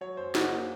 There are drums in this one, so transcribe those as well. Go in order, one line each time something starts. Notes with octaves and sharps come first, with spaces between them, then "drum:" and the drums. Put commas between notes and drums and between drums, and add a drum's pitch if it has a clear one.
F#3 C#5
F#2 C5
C#3 F#4, drum: snare
A#3